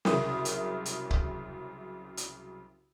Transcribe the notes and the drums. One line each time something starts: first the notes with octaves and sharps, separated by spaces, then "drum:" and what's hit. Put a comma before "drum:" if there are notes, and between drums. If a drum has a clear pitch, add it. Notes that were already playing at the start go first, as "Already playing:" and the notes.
C2 F#2 C#3 A#4 E5 D#6, drum: snare
drum: hi-hat
drum: hi-hat
drum: kick C#1
drum: hi-hat